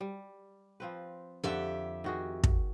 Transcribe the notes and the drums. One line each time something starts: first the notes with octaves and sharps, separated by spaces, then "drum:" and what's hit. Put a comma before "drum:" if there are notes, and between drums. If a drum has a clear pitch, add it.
G3
F3 C4 B4
F2 D3 G4 A4 E5 F#5
D#3 F#4 G#4
drum: kick